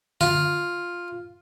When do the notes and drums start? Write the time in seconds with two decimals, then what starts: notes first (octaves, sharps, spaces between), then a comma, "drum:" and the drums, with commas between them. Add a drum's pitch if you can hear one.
0.21 F4, drum: tom D3